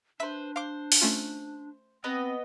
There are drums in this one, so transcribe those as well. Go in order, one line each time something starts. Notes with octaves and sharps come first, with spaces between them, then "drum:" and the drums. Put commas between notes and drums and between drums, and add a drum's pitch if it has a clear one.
D4 B4 C5 E5 B6
C5 F5 D6
drum: open hi-hat
A3 C#4 F4
B3 C4 B4 D#5